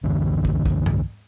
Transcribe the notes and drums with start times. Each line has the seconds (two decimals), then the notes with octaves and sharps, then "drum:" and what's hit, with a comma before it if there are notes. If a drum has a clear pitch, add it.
0.03 C2 F#2 D3 E3
0.45 drum: kick
0.66 drum: kick
0.86 drum: tom G#2